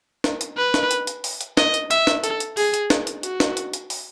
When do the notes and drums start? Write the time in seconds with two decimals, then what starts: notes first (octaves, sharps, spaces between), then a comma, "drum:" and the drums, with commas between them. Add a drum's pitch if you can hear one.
0.24 drum: snare
0.41 drum: hi-hat
0.57 B4
0.74 drum: snare
0.91 drum: hi-hat
1.07 drum: hi-hat
1.24 drum: open hi-hat
1.41 drum: hi-hat
1.57 D#5, drum: snare
1.74 drum: hi-hat
1.91 E5, drum: hi-hat
2.07 drum: snare
2.24 A4, drum: hi-hat
2.40 drum: hi-hat
2.57 G#4, drum: open hi-hat
2.74 drum: hi-hat
2.90 drum: snare
3.07 drum: hi-hat
3.23 F#4, drum: hi-hat
3.40 drum: snare
3.57 drum: hi-hat
3.73 drum: hi-hat
3.90 drum: open hi-hat